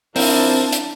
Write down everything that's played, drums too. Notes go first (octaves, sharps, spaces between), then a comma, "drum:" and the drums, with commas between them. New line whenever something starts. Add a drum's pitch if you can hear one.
F3 C4 D4 E4 A#4 A5, drum: open hi-hat
drum: hi-hat